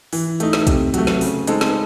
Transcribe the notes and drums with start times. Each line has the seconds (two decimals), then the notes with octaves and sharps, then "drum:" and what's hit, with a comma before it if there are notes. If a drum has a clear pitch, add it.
0.13 E3, drum: open hi-hat
0.40 A3 D#4, drum: hi-hat
0.53 drum: snare
0.67 C3, drum: kick, hi-hat
0.94 F#3 A3, drum: hi-hat
1.07 drum: snare
1.21 C#3, drum: open hi-hat
1.47 G#3 C4 D#4 A4, drum: hi-hat
1.61 drum: snare